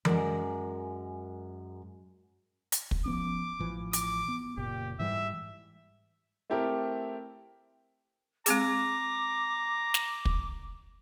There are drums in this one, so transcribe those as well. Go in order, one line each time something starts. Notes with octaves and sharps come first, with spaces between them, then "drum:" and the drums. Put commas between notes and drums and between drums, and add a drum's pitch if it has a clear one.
F#2 G#3 A#4 D5, drum: tom E3
drum: hi-hat
drum: kick
F3 B3 C#4 D6
A1 E3 F3
D6, drum: hi-hat
B3
F#1 A#2 G4
G#2 E3 G3 E5
A3 C4 E4 G4 A4 A#4
G#3 C4 G#4 A#5 D6, drum: hi-hat
drum: snare
drum: kick